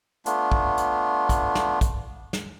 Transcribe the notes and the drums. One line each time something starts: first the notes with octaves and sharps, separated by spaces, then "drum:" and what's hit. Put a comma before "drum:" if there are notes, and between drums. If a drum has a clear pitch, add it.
A3 B3 D4 F4, drum: hi-hat
drum: kick
drum: hi-hat
drum: kick, hi-hat
drum: snare
drum: kick, hi-hat
drum: snare